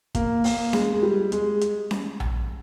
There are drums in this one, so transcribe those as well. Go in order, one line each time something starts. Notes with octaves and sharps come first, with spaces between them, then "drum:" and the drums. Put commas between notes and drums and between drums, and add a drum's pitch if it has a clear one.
A#3, drum: kick, hi-hat
A#3, drum: open hi-hat
G#3, drum: snare C#4
G#3
G3
G#3, drum: hi-hat
drum: hi-hat
drum: snare C#4
drum: tom A#1